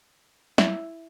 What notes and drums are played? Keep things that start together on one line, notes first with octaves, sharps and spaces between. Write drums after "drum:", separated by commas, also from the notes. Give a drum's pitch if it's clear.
E4, drum: snare